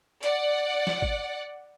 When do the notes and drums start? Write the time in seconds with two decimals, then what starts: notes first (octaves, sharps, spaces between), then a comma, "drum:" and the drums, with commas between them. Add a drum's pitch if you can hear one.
0.23 D5 F#5, drum: hi-hat
0.87 drum: snare
1.02 drum: kick G#1